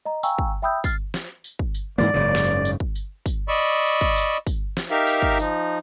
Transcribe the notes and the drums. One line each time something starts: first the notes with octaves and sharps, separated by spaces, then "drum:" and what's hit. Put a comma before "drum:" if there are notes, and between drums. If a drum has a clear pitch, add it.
D#5 A#5
F5 G5 G#5 A#5 C#6 E6, drum: tambourine
drum: kick
E5 G5 B5 D#6 E6 G6
F6 A6 C7, drum: kick, tambourine
drum: snare
drum: tambourine
drum: kick
drum: tambourine
G#2 E3 A#3 D5
F#1 G#2 C#3
drum: snare
drum: tambourine
drum: kick
drum: tambourine
drum: kick, tambourine
D5 D#5 B5 C#6 E6
drum: tambourine
drum: kick
drum: tambourine
drum: kick, tambourine
drum: snare
D#4 G4 A#4 E5 F5
drum: tambourine
drum: kick
F3 D#4, drum: tambourine